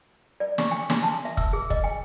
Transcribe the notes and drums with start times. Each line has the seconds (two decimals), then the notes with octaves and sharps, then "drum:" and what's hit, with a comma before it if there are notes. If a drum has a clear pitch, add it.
0.40 D5
0.58 C#6, drum: snare
0.71 G#5
0.90 C6, drum: snare
1.03 A5
1.25 E5
1.37 E6, drum: kick
1.53 G#4
1.70 D#5, drum: kick
1.84 G#5